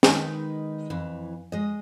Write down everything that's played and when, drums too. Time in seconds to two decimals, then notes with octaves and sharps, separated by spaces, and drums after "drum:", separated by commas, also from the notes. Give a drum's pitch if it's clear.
0.03 D#3 G#3 D#4 B4, drum: snare
0.90 F2 E3
1.52 G#3 D#5